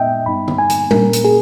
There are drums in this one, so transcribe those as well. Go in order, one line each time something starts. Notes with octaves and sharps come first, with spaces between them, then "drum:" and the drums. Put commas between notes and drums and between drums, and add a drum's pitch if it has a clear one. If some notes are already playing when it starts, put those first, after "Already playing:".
Already playing: A#2 G#3 B3 D#4 D#5 E5 G5
G2 G3 B3 D#4 B5
drum: tom D3
G#5
drum: hi-hat
A#2 A#3 C#4 A#4, drum: tom G3
drum: hi-hat
G#4